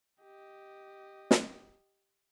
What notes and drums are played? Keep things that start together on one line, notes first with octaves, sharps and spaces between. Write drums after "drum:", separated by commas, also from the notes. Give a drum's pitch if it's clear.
G4 D#5
drum: snare